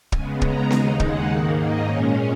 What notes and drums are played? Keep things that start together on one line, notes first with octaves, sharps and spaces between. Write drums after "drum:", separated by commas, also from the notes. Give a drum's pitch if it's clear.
C#3 G#3 B3 G#5, drum: kick
A#5, drum: kick
D#2 C#3 G#3 D#4 G#5, drum: snare B3
F#5, drum: kick
G#2 D#3 A#3
D#5
A#2 G#3 C#4 C#5